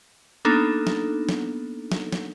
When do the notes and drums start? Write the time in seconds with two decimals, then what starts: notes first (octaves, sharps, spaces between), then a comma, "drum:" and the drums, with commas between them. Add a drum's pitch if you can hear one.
0.45 A#3 B3 D4 D#4 A4
0.87 drum: snare
1.29 drum: snare
1.92 drum: snare
2.13 drum: snare